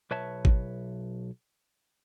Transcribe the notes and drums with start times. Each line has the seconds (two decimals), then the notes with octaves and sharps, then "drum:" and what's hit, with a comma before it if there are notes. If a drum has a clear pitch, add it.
0.11 B1 B4 C#5 E5 A5
0.45 drum: kick G#1